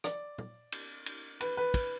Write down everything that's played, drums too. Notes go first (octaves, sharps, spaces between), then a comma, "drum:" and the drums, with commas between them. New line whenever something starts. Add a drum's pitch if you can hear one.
D5, drum: rim click
drum: tom
drum: cymbal
drum: cymbal
B4, drum: cymbal
B4
drum: kick, cymbal